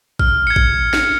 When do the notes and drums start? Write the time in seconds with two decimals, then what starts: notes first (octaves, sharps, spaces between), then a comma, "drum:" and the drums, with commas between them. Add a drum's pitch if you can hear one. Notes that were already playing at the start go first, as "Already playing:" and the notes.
0.19 F6, drum: kick A1
0.47 G#6 C#7
0.56 drum: kick A1
0.93 drum: snare